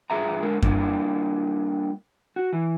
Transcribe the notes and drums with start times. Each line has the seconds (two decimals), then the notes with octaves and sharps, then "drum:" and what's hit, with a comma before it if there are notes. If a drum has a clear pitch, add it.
0.10 G2 F4 G#4 E5 A#5
0.42 D3 G#3 A#4
0.62 G3 A#3 D4 F4, drum: kick F#2
2.36 F#4
2.53 E3